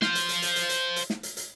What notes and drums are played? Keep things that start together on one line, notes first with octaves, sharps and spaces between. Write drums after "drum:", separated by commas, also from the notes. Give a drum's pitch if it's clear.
C5 F5, drum: snare
drum: hi-hat
drum: hi-hat
drum: hi-hat
drum: hi-hat
drum: hi-hat
drum: hi-hat
drum: snare
drum: hi-hat
drum: hi-hat